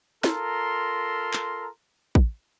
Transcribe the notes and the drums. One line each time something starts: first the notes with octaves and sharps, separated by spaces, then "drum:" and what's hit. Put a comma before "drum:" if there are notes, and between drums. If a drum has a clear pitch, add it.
F4 A4 A#4 A#5 C6, drum: snare
drum: clap
drum: kick